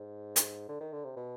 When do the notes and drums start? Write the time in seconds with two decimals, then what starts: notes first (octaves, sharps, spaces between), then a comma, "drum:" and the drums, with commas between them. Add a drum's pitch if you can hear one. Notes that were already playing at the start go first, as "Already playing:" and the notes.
Already playing: G#2
0.36 drum: hi-hat
0.69 D3
0.81 D#3
0.93 D3
1.05 C3
1.17 B2